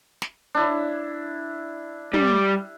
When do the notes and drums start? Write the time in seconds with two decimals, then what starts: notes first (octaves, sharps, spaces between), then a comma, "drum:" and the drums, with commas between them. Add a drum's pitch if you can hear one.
0.22 drum: snare
0.55 D4 E4
2.14 G3, drum: tom